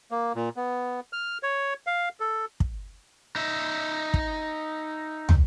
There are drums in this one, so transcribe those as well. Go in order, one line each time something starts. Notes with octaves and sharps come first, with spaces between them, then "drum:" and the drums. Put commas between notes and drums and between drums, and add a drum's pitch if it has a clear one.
A#3
A#2
B3
F6
C#5
F5
A4
drum: kick
D#4 E5
drum: kick
drum: tom